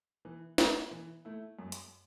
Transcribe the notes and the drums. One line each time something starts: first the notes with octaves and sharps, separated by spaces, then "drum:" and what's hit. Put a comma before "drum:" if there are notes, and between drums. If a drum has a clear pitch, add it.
E3
A3 E4, drum: snare
E3
A3 E4
F#2
drum: hi-hat